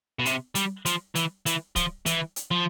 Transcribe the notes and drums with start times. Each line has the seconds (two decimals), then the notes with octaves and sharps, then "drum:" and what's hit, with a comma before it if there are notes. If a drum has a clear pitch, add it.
0.19 B2
0.26 C3, drum: hi-hat
0.55 G3, drum: hi-hat
0.86 F3, drum: hi-hat
1.15 E3, drum: hi-hat
1.46 E3, drum: hi-hat
1.76 F3, drum: kick C#1, hi-hat
2.06 E3, drum: hi-hat
2.36 drum: hi-hat
2.51 F3